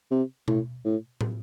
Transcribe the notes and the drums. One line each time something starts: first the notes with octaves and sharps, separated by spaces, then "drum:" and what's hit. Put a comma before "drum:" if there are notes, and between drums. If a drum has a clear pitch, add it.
C3
A2, drum: tom B2
A2
drum: tom